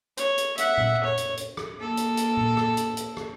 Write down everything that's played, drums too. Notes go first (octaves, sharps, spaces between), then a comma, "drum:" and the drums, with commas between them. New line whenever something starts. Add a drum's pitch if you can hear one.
C#5, drum: hi-hat
drum: hi-hat
E5 F#5, drum: hi-hat
drum: tom A#2
C#5
drum: hi-hat
drum: hi-hat
drum: rim click
A#3 A4
drum: hi-hat
drum: hi-hat
drum: tom A#2
drum: rim click
drum: hi-hat
drum: hi-hat
drum: rim click